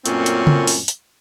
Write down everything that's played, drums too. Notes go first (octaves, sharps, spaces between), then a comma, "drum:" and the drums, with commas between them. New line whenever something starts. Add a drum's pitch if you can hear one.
F#2 A#2 A3 C4 C#4, drum: hi-hat
drum: hi-hat
drum: tom C#3
drum: open hi-hat
drum: hi-hat